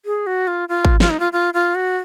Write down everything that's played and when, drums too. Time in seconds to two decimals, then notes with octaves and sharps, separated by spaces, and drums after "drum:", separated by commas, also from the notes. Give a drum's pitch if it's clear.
0.05 G#4
0.27 F#4
0.47 F4
0.69 F4
0.85 drum: kick G#1
1.00 F4, drum: snare
1.10 D#4
1.20 F4
1.33 F4
1.54 F4
1.75 F#4